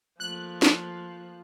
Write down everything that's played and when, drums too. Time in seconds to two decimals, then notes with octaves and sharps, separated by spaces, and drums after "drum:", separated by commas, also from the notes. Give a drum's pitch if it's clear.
0.20 F3 A3 A#3 F#6
0.62 drum: snare